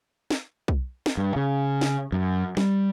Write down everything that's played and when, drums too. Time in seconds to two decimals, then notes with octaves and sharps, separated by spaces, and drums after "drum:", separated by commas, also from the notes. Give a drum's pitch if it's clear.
0.30 drum: snare
0.68 drum: kick
1.06 drum: snare
1.17 G2
1.36 C#3
1.81 drum: snare
2.12 F#2
2.57 G3, drum: snare